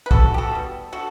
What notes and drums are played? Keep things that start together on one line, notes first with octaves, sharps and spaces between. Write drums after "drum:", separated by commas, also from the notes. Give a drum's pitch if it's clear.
B4
E3 F#4 A4, drum: kick
G4
F#4 A4
G3 B3
D3 F#4 A4